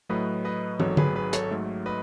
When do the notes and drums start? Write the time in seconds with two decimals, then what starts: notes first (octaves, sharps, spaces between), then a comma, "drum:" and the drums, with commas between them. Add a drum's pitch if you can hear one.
0.09 A2 F#3 A3 B4 D#5
0.45 B4 D#5
0.80 G#1 G#2 F#3 A4 C#5, drum: tom
0.97 G#4 B4, drum: tom D3
1.15 G#4 B4
1.33 A4 C#5, drum: hi-hat
1.51 G#2 F#3 A3
1.86 B4 D#5